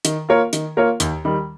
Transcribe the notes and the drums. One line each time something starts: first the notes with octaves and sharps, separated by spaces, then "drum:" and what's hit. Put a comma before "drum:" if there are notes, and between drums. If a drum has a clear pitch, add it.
D#3, drum: hi-hat
A#3 F4 A#4 C#5
D#3, drum: hi-hat
A#3 F4 A#4 C#5
D#2, drum: hi-hat
D#3 G3